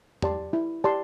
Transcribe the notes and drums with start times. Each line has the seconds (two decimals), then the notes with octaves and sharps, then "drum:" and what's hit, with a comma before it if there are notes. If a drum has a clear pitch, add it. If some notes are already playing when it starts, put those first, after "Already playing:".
0.22 G4 D5 A5 C6, drum: tom
0.53 E4
0.84 G4 D5 A5 C6